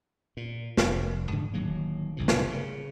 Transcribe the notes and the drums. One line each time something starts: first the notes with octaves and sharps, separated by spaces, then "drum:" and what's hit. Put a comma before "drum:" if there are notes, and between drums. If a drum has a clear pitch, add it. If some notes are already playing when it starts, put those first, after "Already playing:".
A#2
F1, drum: snare
G#2 D3
D1 D#3 F#3 A#3
F#1 C2 A2 C3
drum: snare
C#3